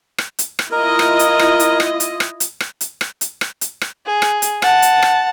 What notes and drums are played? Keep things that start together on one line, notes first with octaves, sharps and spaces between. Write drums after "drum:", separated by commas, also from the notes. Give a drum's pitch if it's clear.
drum: rim click
drum: hi-hat
drum: rim click
E4 F4 A#4 D#5
drum: rim click
drum: hi-hat
drum: rim click
drum: hi-hat
drum: rim click
drum: hi-hat
drum: rim click
drum: hi-hat
drum: rim click
drum: hi-hat
drum: rim click
drum: hi-hat
drum: rim click
drum: hi-hat
drum: rim click
G#4
drum: rim click
drum: hi-hat
F#5 A5, drum: rim click
drum: hi-hat
drum: rim click